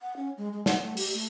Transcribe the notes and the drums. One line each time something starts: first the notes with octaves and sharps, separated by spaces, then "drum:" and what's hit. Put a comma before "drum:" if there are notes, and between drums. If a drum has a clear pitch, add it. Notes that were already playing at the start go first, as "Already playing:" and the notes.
F#5
C#4
G#3
G#3
F#5, drum: snare
A3
G4, drum: open hi-hat
A3